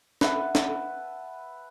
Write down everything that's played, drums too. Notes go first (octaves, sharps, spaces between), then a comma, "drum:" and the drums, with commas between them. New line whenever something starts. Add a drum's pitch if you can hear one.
B4 E5 F#5 A5, drum: snare
drum: snare